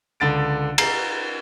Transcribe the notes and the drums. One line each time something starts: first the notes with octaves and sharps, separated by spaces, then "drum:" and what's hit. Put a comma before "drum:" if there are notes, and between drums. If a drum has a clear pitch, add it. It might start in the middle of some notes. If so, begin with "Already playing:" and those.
C#2 D3 A6 D7
A#5 C7, drum: cymbal